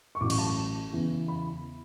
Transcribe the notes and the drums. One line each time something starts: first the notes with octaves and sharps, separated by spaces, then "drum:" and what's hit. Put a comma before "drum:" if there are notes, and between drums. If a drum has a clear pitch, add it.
C#6
A1 A2 F#3 A3 D6
C#6, drum: cymbal
A5
E2 C#3 E3
B5